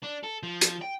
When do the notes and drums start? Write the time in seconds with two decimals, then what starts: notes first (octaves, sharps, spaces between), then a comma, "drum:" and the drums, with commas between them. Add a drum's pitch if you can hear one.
0.03 D4
0.23 A4
0.43 F3
0.61 drum: hi-hat
0.81 G5